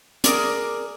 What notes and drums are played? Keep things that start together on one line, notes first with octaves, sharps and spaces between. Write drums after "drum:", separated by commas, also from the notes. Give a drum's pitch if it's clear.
G#4 A#4 D5, drum: hi-hat